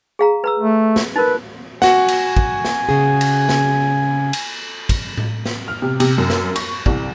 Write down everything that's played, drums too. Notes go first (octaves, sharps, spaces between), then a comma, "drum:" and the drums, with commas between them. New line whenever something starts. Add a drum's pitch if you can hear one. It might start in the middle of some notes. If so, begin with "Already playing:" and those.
G#4 F5 A#5
B4 A#5 E6
A3
drum: snare
D#4 A#4 B4
F#4 F#5 G#5, drum: snare
drum: cymbal
drum: kick
drum: snare
C#3 G#4
drum: cymbal
drum: snare
drum: cymbal
drum: kick, cymbal
drum: tom A2
drum: snare
F6
C3
C3, drum: cymbal
F#2
drum: snare
C#6, drum: cymbal
C2, drum: kick